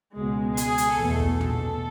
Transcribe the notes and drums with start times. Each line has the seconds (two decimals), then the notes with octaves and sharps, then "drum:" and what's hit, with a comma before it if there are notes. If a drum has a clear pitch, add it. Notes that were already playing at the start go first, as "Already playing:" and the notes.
0.15 C#2 B2 G#3
0.57 G#4, drum: hi-hat
0.78 drum: hi-hat
0.98 E2 B2 A3 A4
1.20 drum: kick
1.41 drum: tom